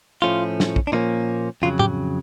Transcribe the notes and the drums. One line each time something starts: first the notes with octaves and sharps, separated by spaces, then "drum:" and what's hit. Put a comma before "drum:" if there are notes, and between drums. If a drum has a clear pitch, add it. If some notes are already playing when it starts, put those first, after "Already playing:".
A2 F3 A3 C#4 F4
drum: snare
drum: kick
D4
A#2 F3 A#3 C#4 D#4
F2 C#3 F#3 F4
G4, drum: tom A2